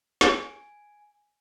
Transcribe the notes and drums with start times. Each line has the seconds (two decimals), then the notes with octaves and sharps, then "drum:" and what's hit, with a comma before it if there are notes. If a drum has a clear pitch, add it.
0.21 G#5, drum: snare